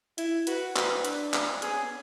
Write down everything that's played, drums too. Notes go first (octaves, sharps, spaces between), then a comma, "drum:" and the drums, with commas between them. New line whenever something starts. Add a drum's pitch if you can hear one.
E4, drum: hi-hat
F#4 B4, drum: hi-hat
F#4 B4, drum: clap
D4, drum: hi-hat
drum: clap
B3 G#4, drum: hi-hat
C#4
B3